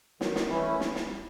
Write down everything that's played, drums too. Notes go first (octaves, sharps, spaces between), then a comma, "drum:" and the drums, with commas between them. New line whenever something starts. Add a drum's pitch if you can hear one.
D#3 F#3, drum: snare
drum: snare
E3 A3 C#4 E4
drum: snare
drum: snare